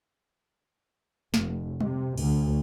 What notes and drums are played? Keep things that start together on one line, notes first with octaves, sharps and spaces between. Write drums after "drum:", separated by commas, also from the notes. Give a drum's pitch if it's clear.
F1, drum: snare
C3, drum: tom G3
D2, drum: cymbal